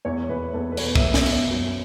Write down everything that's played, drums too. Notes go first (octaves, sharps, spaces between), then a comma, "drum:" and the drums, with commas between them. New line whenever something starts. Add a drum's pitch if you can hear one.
E2 C#5
E2 B4
E2 A4
B4
B2 C#5, drum: cymbal
E5, drum: kick
B2
E5, drum: snare
B2, drum: cymbal
C#5
F#2